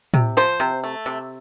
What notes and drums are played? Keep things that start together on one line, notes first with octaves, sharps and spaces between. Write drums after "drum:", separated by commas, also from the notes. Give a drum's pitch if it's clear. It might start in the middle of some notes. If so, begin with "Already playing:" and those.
C3, drum: tom A2
F3 C5
C3
A3
C3